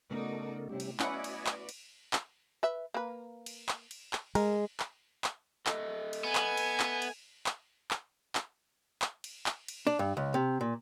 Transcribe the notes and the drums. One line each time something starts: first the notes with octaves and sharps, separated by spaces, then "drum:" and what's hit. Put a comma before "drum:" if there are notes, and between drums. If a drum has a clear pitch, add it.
C#3 A3 B3 D#4 F#4 A4 A#4 D5
C3 G3 C#4 E4 G4
drum: cymbal
C#4 E4 F#4 B4 D5 D#5 F#5 G#5, drum: clap
drum: cymbal
drum: clap
drum: cymbal
drum: clap
B4 E5
A#3 B4
drum: cymbal
drum: clap
drum: cymbal
drum: clap
G#3 A#4, drum: cymbal
drum: clap
drum: clap
A4 D#5 E5, drum: clap
drum: cymbal
B3 G#5 G#6
drum: clap
drum: cymbal
drum: clap
drum: cymbal
drum: clap
drum: clap
drum: clap
drum: clap
drum: cymbal
drum: clap
drum: cymbal
D4
G2
C#2
C3
A#2